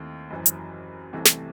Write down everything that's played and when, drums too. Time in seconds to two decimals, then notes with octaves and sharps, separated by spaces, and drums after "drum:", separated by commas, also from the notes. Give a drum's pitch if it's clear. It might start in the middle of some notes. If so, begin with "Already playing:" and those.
Already playing: D#2 D#3 A3 C4 E4
0.30 F#1 F#2 E3
0.46 drum: hi-hat
1.13 C2 C3 E3 A3
1.25 drum: snare